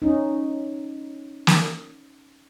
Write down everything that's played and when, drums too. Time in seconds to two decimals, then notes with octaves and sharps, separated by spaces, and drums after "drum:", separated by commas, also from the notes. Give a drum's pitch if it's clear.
0.02 C#4 D#4
1.47 drum: snare